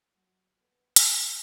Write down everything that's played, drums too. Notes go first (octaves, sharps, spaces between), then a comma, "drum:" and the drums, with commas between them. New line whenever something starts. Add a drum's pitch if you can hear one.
F#3
B3
drum: hi-hat
C#3 D#4